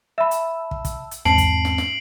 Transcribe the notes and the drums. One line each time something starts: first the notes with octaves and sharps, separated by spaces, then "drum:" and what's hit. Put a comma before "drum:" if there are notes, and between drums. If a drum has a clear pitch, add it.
E5 A5 B5 E6
drum: hi-hat
drum: kick
drum: kick, hi-hat
drum: hi-hat
E2 G#2 C4 A5 C7 D7 F#7, drum: snare
drum: kick, hi-hat
drum: snare
drum: snare